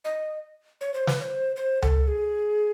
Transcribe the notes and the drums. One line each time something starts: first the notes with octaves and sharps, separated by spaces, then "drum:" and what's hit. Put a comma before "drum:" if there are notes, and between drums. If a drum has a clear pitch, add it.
D#5
C#5
C5
B4, drum: snare
C#5
C5
C5
A4, drum: tom C#2
G#4